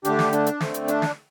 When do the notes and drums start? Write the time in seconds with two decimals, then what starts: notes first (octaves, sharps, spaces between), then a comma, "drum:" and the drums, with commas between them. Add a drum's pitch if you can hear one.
0.05 D3 A3 D4 G4, drum: hi-hat
0.19 drum: snare
0.33 D4, drum: hi-hat
0.46 drum: hi-hat
0.60 D3 A3 C4, drum: snare
0.74 drum: hi-hat
0.88 D4, drum: hi-hat
1.02 drum: snare